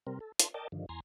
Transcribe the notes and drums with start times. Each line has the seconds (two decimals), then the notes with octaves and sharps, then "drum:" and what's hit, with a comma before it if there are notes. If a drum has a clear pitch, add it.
0.07 C3 G3 C4 A#4
0.20 A4
0.40 A5 C6, drum: hi-hat
0.54 A#4 D5 D#5 G5 A5
0.72 G2 D3 D#3 F3
0.89 E2 G#5 A#5 C6